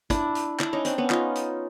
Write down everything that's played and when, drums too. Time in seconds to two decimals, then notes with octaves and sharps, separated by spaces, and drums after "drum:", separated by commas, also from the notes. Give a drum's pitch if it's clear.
0.10 D4 E4, drum: kick, hi-hat
0.35 drum: hi-hat
0.60 D4 E4, drum: clap
0.73 C#4 D#4
0.85 C4 D4, drum: hi-hat
0.98 B3 C#4
1.10 D#4 F4, drum: clap
1.35 drum: hi-hat